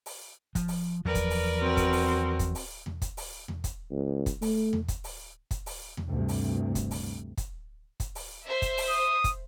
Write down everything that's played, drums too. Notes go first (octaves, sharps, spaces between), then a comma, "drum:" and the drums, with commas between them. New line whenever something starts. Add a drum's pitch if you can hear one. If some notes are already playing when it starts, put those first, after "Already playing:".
drum: open hi-hat
F3, drum: kick, hi-hat
drum: open hi-hat
E2 F3 F#3 A#4 B4 D5
drum: kick, hi-hat
drum: open hi-hat
C4 F#4
drum: kick, hi-hat
drum: open hi-hat
drum: kick, hi-hat
drum: open hi-hat
drum: tom E2
drum: kick, hi-hat
drum: open hi-hat
drum: tom E2
drum: kick, hi-hat
C#2
drum: kick, hi-hat
A3, drum: open hi-hat
drum: tom E2
drum: kick, hi-hat
drum: open hi-hat
drum: kick, hi-hat
drum: open hi-hat
drum: tom E2
D2 G2 C3
drum: open hi-hat
drum: kick, hi-hat
drum: open hi-hat
drum: kick, hi-hat
drum: kick, hi-hat
drum: open hi-hat
C5 E5
drum: kick, hi-hat
drum: open hi-hat
D#6
drum: kick, hi-hat